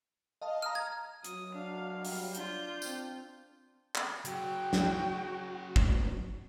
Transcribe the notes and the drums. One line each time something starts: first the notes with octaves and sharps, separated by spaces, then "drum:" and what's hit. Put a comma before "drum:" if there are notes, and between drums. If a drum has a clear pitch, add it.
D#5 F5 A5
A#5 D#6 F6
G#6
F#3 D#6, drum: hi-hat
D4 F5
G3, drum: open hi-hat
D4 F4 G6, drum: hi-hat
C4, drum: tambourine
drum: clap
C#3 F#3 F#4 G5, drum: hi-hat
drum: snare
drum: kick